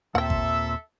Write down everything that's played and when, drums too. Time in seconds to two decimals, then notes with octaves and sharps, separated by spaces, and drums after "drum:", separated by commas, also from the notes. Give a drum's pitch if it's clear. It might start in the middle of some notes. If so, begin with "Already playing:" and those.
0.15 D#2 A#2 C4 A4 E5 F#5 G5
0.30 drum: kick